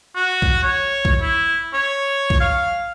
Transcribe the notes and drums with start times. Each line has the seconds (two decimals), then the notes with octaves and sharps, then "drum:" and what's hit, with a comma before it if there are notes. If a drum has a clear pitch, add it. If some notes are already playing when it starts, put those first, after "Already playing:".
0.15 F#4
0.42 drum: kick A#1
0.63 C#5
1.05 drum: kick A#1
1.21 E4
1.74 C#5
2.30 drum: kick A#1
2.40 F5